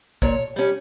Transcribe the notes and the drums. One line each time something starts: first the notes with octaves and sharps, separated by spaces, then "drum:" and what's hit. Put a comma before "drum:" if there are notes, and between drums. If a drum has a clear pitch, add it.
A#2 C#5, drum: kick
G3 C#4